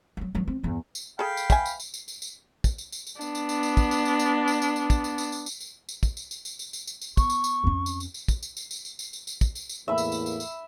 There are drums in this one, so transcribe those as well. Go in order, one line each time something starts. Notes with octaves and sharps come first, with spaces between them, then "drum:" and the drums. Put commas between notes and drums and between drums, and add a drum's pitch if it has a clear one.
F3 F#3
E3 F#3
C4
E2 G2
drum: tambourine
G#4 A4 F5 G5 B5
drum: tambourine
B4 E5 G#5, drum: kick, tambourine
drum: tambourine
drum: tambourine
drum: tambourine
drum: tambourine
drum: tambourine
drum: kick, tambourine
drum: tambourine
drum: tambourine
drum: tambourine
B3 D4, drum: tambourine
drum: tambourine
drum: tambourine
drum: tambourine
drum: kick, tambourine
drum: tambourine
drum: tambourine
drum: tambourine
drum: tambourine
drum: tambourine
drum: tambourine
drum: kick, tambourine
drum: tambourine
drum: tambourine
drum: tambourine
drum: tambourine
drum: tambourine
drum: tambourine
drum: kick, tambourine
drum: tambourine
drum: tambourine
drum: tambourine
drum: tambourine
drum: tambourine
drum: tambourine
drum: tambourine
B3 C#6, drum: kick, tambourine
drum: tambourine
drum: tambourine
F2 C#4
drum: tambourine
drum: tambourine
drum: tambourine
drum: kick, tambourine
drum: tambourine
drum: tambourine
drum: tambourine
drum: tambourine
drum: tambourine
drum: tambourine
drum: tambourine
drum: kick, tambourine
drum: tambourine
drum: tambourine
E2 A2 A#3 E5 B5
drum: tambourine
drum: tambourine
drum: tambourine
drum: tambourine